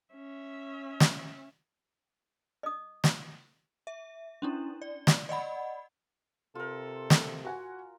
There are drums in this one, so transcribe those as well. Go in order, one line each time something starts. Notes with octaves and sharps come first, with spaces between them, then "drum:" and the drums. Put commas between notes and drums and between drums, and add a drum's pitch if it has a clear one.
C#4 E5
drum: snare
D#5 D#6
drum: snare
E5
C#4 D4 E4
D5
drum: snare
D5 D#5 F#5 B5
C3 F4 A4 A#4
drum: snare
F#4 F#5 G#5